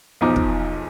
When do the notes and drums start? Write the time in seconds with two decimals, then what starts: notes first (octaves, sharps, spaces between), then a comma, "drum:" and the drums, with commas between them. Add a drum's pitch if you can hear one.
0.21 B1 E2 F3 D#4 D6
0.36 drum: kick